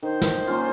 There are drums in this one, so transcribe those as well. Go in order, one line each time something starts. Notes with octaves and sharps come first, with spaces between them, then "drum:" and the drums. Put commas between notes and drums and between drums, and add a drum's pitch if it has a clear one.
D#3 C5
drum: snare
A#3 C#4 F4